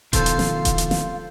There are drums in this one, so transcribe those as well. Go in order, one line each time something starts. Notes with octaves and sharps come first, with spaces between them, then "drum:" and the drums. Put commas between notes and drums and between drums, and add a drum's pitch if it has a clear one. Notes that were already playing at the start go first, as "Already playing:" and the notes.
B2 D#3 F3 F4 A4 C5 F5, drum: kick D#1, hi-hat
drum: hi-hat
drum: snare
drum: kick D#1, hi-hat
drum: hi-hat
drum: snare